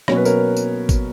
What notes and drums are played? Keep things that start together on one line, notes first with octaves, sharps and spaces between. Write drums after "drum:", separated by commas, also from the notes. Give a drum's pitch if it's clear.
B2 F#3 A#3 C#4 C#5, drum: rim click
B4
A#4 C#5, drum: tambourine
drum: tambourine
drum: kick, tambourine